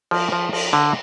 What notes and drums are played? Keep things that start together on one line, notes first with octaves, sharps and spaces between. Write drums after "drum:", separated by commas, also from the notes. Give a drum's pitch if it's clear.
F3, drum: cymbal
F3
F3, drum: cymbal
D3